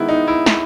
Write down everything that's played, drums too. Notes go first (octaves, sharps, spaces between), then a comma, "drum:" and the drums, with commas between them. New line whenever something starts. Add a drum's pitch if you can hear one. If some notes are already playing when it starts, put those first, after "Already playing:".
Already playing: D#3 G#3 B3 E4
D#4
E4
drum: snare